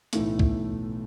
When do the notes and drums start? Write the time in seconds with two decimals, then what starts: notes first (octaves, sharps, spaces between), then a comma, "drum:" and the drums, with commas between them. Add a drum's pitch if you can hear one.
0.13 B1 A2 E3 A3, drum: hi-hat
0.39 drum: kick